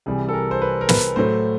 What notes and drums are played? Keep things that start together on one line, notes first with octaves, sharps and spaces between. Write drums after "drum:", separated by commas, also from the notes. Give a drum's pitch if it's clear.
C2 C3 E3 G3 G#4
A4
A#4
C5
B4
A#4
B4, drum: snare
A2 F#3 A3 C5